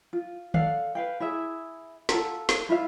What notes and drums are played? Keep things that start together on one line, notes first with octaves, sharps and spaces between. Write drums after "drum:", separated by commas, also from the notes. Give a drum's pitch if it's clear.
F4
A4 D5 F5 F#5, drum: tom
B4 F5 G5
E4 G#4 E5
F4 A4 F#5 A#5, drum: snare
drum: snare
E4 F4 E5 F5